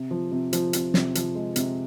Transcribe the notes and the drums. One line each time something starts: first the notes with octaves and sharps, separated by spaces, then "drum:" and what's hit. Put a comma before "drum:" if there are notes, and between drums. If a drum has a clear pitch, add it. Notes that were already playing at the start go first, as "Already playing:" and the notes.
Already playing: C3
F3
C3
F3, drum: hi-hat
C3, drum: hi-hat
C3, drum: snare
F3, drum: hi-hat
G#3
C3, drum: hi-hat